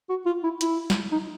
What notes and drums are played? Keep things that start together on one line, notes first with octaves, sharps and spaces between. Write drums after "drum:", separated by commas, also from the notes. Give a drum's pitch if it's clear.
F#4
F4
E4
E4, drum: hi-hat
drum: snare
D#4